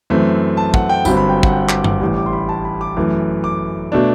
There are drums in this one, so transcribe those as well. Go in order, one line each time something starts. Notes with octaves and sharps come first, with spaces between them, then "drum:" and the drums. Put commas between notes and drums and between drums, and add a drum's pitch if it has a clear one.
F#2 E3 A3 C4
A5
F#5, drum: kick
G5
G1 G2 F#3 C4 B5, drum: tambourine
B5
G5
F#5, drum: kick
G5
D6, drum: clap
D6, drum: tom G2
A1 A2 G3 D6
D6
C6
B5
A5
B5
D6
F#2 E3 A3
D6
B2 A3 D4